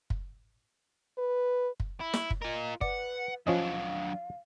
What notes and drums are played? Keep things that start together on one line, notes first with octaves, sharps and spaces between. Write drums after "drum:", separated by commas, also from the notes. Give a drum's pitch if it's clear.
drum: kick
B4
drum: kick
E4
drum: snare
drum: kick
F4 A#4 D#5
B4 D5 F#5, drum: kick
F3 F#3 C#4 D4 D#5 F5